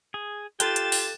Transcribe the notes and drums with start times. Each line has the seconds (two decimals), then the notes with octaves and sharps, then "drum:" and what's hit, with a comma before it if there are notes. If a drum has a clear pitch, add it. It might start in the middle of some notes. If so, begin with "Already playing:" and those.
0.14 G#4
0.60 F4 G4 A4 G5 F#6 A6 E7, drum: hi-hat
0.76 drum: hi-hat
0.92 drum: open hi-hat